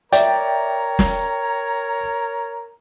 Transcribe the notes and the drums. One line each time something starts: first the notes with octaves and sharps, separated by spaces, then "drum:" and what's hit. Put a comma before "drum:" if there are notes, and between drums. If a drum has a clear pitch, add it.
A#4 C#5 D5 E5 G5 A#5, drum: hi-hat
drum: snare